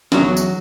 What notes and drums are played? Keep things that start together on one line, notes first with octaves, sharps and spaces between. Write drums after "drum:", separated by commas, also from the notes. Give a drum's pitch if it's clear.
E2 F#3 F#4, drum: snare
drum: tambourine